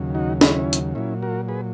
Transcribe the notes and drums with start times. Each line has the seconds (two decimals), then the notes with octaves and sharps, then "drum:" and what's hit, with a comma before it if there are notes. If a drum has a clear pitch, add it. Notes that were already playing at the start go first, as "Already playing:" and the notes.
Already playing: D#2 C#3 F#3
0.15 D#4 F#4
0.41 C#4 E4, drum: snare
0.73 drum: hi-hat
0.95 A#2 F#3 C#4 E4
1.23 F#4 A#4
1.48 G#4 B4